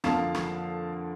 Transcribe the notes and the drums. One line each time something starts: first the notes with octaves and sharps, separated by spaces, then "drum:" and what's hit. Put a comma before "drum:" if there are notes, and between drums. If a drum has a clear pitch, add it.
F2 D3 F3 A#3 F5 A5, drum: rim click
drum: rim click